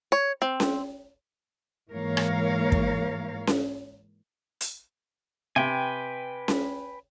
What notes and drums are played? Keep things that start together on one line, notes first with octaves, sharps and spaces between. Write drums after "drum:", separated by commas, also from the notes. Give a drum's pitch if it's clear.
C#5
C4
drum: snare C#4
G#2 E3 A#3 A#4 C#5 F5
drum: rim click
drum: kick
drum: snare C#4
drum: hi-hat
C3 B4 G5 G#5
drum: snare C#4